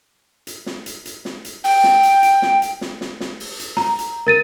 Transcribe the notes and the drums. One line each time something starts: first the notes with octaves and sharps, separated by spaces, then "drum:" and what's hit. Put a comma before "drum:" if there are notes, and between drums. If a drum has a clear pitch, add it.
drum: hi-hat
drum: snare
drum: hi-hat
drum: hi-hat
drum: snare
drum: hi-hat
G5, drum: open hi-hat
drum: snare
drum: hi-hat
drum: hi-hat
drum: snare
drum: hi-hat
drum: snare
drum: snare
drum: snare
drum: open hi-hat
drum: hi-hat
A#5, drum: snare
drum: hi-hat
A#4 A6 D#7